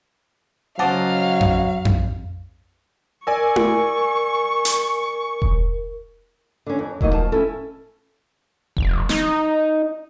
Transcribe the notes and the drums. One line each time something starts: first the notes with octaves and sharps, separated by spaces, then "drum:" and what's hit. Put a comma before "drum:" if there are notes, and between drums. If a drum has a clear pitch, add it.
C#3 F#3 C5 D#5 F5 F#5 A5 D6
drum: tom F2
drum: tom F2
A#4 D5 G#5 C#6 E6
drum: tom E4
drum: hi-hat
drum: kick E1
D3 C#4
F2
D2 F#3 A#3 D#4 D#5, drum: kick E1
F3 A5
C#4 E4 A4
F#1, drum: kick E1
D#4, drum: snare